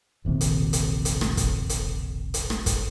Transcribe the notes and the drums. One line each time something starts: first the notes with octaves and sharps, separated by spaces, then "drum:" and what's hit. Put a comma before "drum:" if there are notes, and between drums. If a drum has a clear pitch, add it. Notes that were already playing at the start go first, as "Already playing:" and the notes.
E1 A#1 C3 D#3
drum: hi-hat
drum: hi-hat
drum: hi-hat
drum: rim click
drum: kick, hi-hat
drum: hi-hat
drum: hi-hat
drum: rim click
drum: kick, hi-hat